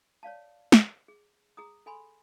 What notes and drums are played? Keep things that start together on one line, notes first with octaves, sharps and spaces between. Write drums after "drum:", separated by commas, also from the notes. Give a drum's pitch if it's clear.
C#5 D5 F5 A5
drum: snare
G#4
G#4 A#5 D#6
A4 G#5 B5 C6